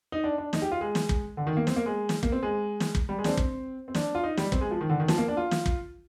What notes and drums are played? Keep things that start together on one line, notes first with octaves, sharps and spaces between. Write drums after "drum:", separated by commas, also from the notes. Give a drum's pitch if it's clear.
D#4
D4
D4
D#4, drum: snare
G4
F4
G#3
drum: snare
drum: kick
D3
D#3
A#3
C4, drum: snare
A#3
G#3
drum: snare
A#3, drum: kick
C4
G#3
drum: snare
drum: kick
G3
G#3
D4, drum: snare
C4
drum: kick
C4
D4, drum: snare
F4
D#4
G3, drum: snare
C4, drum: kick
G#3
F3
D#3
D3
D#3
F3, drum: snare
A#3
D4
F4
drum: snare
drum: kick